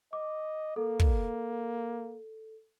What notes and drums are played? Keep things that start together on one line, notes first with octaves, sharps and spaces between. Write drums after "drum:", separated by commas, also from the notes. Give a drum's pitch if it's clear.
D#5 D6
A#3 A4
drum: kick